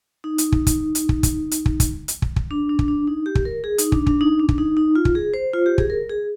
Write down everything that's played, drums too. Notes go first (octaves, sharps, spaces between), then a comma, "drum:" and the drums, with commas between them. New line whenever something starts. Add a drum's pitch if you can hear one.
D#4
drum: hi-hat
drum: kick
drum: kick, hi-hat
drum: hi-hat
drum: kick
drum: kick, hi-hat
drum: hi-hat
drum: kick
drum: kick, hi-hat
drum: hi-hat
drum: kick
drum: kick
D4
D4
drum: kick
D4
D#4
G4
drum: kick
A#4
G#4
D#4, drum: hi-hat
D4, drum: kick
D4, drum: kick
D#4
D4
drum: kick
D#4
D#4
F4
drum: kick
G#4
C5
F4
G4
G#4, drum: kick
A#4
G#4